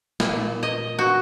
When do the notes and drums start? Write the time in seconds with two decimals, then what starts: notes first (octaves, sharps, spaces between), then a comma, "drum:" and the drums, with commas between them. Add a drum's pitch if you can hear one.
0.20 A#2, drum: snare
0.63 D#5
0.99 F#4